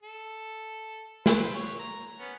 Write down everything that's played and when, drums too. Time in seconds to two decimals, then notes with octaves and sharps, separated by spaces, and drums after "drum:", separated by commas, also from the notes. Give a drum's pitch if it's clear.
0.03 A4
1.26 B4 C5, drum: snare
1.54 C#5
1.79 A#5
2.20 B3 C#4